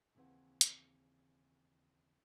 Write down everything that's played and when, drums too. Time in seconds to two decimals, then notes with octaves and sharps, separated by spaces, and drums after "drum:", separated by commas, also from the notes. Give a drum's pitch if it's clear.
0.15 D#2 C#3 E3 C4 B4 F#5
0.61 drum: hi-hat